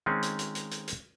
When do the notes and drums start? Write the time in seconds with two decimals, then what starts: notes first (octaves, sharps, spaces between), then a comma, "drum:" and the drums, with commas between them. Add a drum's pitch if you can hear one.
0.06 D#3 G#3 C4 C#4
0.23 drum: hi-hat
0.39 drum: hi-hat
0.55 drum: hi-hat
0.71 drum: hi-hat
0.88 drum: hi-hat